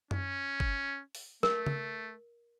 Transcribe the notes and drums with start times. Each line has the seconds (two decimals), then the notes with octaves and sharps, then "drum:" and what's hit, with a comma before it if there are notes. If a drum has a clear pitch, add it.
0.11 C#4, drum: tom F#2
0.60 drum: kick G1
1.15 drum: open hi-hat
1.43 A3 A#4, drum: snare
1.66 drum: tom C#3